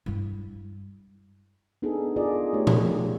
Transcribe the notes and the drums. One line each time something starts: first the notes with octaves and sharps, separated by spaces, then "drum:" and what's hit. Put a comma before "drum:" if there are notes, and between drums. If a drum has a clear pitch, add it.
G2 E4
B3 D4 D#4 G#4 A4
F4 G#4 A#4 D5 D#5
A3 D#4 G4 C#5
drum: tom A#2